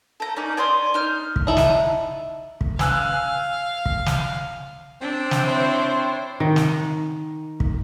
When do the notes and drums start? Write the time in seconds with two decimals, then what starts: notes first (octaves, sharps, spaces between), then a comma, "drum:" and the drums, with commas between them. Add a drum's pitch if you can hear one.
0.20 A4 A#5
0.36 C#4 D#4 D5
0.57 C#5 D5 C6 D#6
0.94 D#4 F6
1.36 drum: kick
1.47 D#4 E4 A4
1.57 drum: snare
2.61 drum: kick
2.79 F5 G#5 E6 F#6, drum: snare
3.86 drum: kick
4.06 drum: snare
5.02 C4 D4
5.31 drum: snare
5.44 E4 C5 C#5
6.40 D#3
6.56 drum: snare
7.60 drum: kick